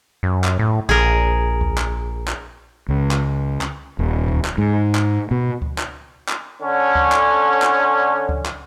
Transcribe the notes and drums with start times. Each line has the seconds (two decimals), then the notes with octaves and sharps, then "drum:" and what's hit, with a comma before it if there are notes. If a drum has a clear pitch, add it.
0.23 F#2
0.44 drum: clap
0.59 A2
0.89 A#1 G#4 A#4
1.61 drum: kick C#2
1.78 drum: clap
2.28 drum: clap
2.89 C#2
3.11 drum: clap
3.61 drum: clap
3.99 D#1
4.28 drum: kick C#2
4.45 drum: clap
4.58 G#2
4.95 drum: clap
5.31 B2
5.62 drum: kick C#2
5.78 drum: clap
6.29 drum: clap
6.62 D3 C#4
6.95 drum: kick C#2
7.12 drum: clap
7.62 drum: clap
8.29 drum: kick C#2
8.46 drum: clap